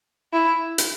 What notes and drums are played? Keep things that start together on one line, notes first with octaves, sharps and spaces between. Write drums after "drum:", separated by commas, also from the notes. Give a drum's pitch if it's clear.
E4
drum: hi-hat